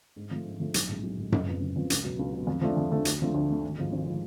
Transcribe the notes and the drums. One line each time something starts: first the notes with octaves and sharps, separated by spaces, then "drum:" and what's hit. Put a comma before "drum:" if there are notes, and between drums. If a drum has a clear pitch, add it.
G#2
F3 A3
G#2
F3 A3
B1, drum: hi-hat
A2 G#3
B1
A2 G#3
F#1, drum: tom F#2
F2 C#3 F3 B3
F#1
F2 C#3 F3 B3
C#2, drum: hi-hat
B2 F#3
C#2
B2 F#3
F2
F3 A3 D4
F2
F3 A3 D4
D2, drum: hi-hat
D3 F3 A3
D2
D3 F3 A3
G#1
G#2 F3 G#3
G#1
F3 G#3